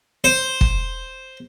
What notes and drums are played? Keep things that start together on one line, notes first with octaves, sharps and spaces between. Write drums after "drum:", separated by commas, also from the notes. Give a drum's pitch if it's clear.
C5
drum: kick